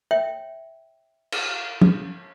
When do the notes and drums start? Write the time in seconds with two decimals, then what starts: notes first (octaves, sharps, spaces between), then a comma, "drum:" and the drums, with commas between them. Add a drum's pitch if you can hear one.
0.11 C#5 E5 G5
1.32 drum: cymbal
1.81 drum: tom